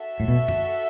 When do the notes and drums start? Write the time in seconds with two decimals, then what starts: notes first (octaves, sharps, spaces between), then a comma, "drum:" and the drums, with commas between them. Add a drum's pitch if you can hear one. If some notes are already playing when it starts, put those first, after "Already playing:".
Already playing: F#4 A4 E5
0.20 A2
0.28 B2
0.48 drum: tom F#2